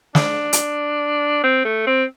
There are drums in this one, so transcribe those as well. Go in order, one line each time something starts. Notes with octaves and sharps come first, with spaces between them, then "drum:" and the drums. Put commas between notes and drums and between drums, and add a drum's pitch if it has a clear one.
D4, drum: snare
drum: hi-hat
C4
A3
C4